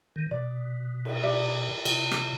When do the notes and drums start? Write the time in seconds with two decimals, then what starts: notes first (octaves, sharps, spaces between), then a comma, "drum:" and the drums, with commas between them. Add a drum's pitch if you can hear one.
0.16 D#3
0.31 B2 D5
1.05 drum: cymbal
1.23 G4 D5 E5
1.85 C3, drum: cymbal
2.11 drum: rim click